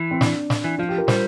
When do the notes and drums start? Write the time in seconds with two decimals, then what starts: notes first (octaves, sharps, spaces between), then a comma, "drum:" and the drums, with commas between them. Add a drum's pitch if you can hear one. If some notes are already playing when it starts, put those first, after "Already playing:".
Already playing: E3
0.11 C4
0.21 D4, drum: snare
0.50 drum: snare
0.64 E3
0.78 F3 F4
0.89 G4
0.98 A#4
1.08 G3 C5, drum: snare